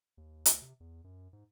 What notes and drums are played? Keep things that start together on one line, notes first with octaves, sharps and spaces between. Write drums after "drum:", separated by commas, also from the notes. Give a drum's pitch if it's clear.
D#2
D2, drum: hi-hat
C3
E2
F#2
G#2